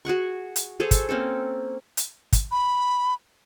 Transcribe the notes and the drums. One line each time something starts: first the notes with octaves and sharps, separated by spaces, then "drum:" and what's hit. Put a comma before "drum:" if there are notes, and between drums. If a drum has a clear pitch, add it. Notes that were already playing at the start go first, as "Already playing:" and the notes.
F#4 G#4 F#5 C#6
drum: hi-hat
G#4 A4 C5 C#5
drum: kick, hi-hat
A#3 C4 C#4 A4
drum: hi-hat
drum: kick, hi-hat
B5